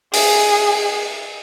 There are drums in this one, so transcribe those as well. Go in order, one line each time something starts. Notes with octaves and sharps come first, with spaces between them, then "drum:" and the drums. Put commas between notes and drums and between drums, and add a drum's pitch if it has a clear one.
G#4, drum: open hi-hat